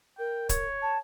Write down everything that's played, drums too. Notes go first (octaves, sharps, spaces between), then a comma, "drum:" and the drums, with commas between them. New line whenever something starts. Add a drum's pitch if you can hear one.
A#4 G5
C#5, drum: kick C#1, hi-hat
A5